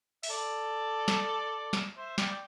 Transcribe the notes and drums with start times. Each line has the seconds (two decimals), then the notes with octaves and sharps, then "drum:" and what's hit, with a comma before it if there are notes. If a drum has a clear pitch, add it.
0.23 E5, drum: open hi-hat
0.30 A4 D5
1.08 drum: snare
1.73 drum: snare
1.97 C5 E5
2.18 D5 G5, drum: snare
2.32 G5